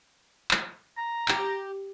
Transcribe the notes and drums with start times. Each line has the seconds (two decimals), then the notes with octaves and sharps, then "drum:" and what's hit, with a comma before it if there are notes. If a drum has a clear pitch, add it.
0.51 drum: clap
0.98 A#5
1.28 G4, drum: clap